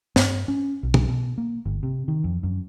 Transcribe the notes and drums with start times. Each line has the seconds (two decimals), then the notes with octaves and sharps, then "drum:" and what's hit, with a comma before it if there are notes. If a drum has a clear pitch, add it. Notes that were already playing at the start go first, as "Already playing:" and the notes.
0.16 G2, drum: snare
0.48 C#4
0.83 B1
0.94 drum: tom
1.08 B2
1.38 A#3
1.65 G1
1.83 C3
2.08 D#3
2.24 F2
2.43 F#2